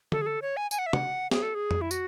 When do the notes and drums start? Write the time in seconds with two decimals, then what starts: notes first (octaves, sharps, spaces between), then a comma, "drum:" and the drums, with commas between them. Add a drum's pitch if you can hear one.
0.12 A4, drum: tom
0.21 G#4
0.26 A4
0.42 C#5
0.57 G#5
0.71 G#5, drum: tambourine
0.79 F#5
0.86 E5
0.93 F#5, drum: tom
1.31 G#4, drum: snare
1.43 A4
1.55 G#4
1.71 drum: tom F2
1.81 E4
1.91 F#4, drum: tambourine